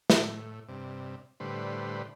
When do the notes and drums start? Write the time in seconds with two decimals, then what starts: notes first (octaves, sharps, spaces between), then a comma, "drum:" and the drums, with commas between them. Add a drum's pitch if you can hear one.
0.10 A2, drum: snare
0.69 G2 C3
1.40 A2 D3 G3 B4 C5